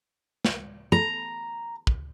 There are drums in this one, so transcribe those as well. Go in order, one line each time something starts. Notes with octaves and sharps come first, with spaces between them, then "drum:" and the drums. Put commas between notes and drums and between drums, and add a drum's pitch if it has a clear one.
drum: snare
A#5
drum: kick